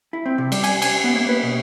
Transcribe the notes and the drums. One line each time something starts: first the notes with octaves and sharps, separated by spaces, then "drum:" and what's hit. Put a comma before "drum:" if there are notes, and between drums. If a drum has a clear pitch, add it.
E4
C4
C3
G3, drum: cymbal
G#5, drum: cymbal
G#5, drum: cymbal
B3
A#3
B4
B2